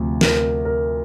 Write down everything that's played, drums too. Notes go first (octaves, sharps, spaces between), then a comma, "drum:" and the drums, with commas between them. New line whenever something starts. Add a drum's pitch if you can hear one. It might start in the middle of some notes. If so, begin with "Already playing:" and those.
Already playing: D2 C3 F3
A#4, drum: snare
A#4